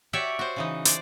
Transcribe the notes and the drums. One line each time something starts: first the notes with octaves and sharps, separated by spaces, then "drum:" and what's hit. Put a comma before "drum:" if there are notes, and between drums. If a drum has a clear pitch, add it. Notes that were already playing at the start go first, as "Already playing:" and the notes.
F#4 G4 C#5 D5 E5
F#4 C5
C#3 E3 D#4
C5 D5, drum: hi-hat